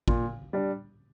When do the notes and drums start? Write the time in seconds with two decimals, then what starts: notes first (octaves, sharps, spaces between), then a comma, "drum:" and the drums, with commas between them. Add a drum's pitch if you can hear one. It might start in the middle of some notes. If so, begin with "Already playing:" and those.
0.08 A#2, drum: kick
0.53 G3 D4